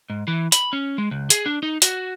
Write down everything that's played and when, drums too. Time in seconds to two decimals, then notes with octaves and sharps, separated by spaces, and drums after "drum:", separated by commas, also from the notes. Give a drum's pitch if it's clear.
0.10 G#2
0.28 E3
0.52 B5, drum: hi-hat
0.73 C#4
0.98 G#3
1.11 C#2
1.30 G#4, drum: hi-hat
1.46 D4
1.63 D#4
1.82 F#4, drum: hi-hat